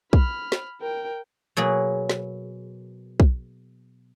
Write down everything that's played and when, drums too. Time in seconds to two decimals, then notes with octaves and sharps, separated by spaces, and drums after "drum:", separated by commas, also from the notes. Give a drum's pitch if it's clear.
0.13 B5 F6, drum: kick
0.52 drum: snare
0.81 A#4 G5
1.57 B2 F#3 A#3 G#4
2.09 drum: snare
3.20 drum: kick